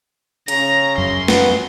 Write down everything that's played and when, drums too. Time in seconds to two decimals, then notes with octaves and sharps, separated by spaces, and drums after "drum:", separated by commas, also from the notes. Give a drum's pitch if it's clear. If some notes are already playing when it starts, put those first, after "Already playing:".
0.48 C#3 A#5, drum: hi-hat
0.98 F#2 C6
1.28 B3, drum: snare